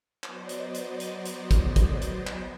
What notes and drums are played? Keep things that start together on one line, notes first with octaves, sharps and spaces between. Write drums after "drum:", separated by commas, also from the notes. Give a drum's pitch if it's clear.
F#3 B3 C5 D5 D#5, drum: clap
drum: hi-hat
drum: hi-hat
drum: hi-hat
drum: hi-hat
drum: kick, hi-hat
drum: kick, hi-hat
drum: hi-hat
drum: clap